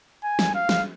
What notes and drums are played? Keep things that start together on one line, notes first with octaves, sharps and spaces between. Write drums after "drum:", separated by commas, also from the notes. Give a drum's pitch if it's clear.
G#5
drum: snare
F5
drum: snare